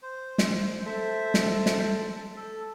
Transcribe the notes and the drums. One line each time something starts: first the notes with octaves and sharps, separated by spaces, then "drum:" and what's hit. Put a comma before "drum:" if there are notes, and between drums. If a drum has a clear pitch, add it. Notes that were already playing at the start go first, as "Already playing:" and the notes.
C5
drum: snare
A4 C5 E5
drum: snare
drum: snare
A4